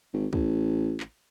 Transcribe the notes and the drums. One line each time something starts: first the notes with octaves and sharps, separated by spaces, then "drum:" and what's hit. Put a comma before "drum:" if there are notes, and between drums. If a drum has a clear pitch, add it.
G#1
A1, drum: kick
drum: clap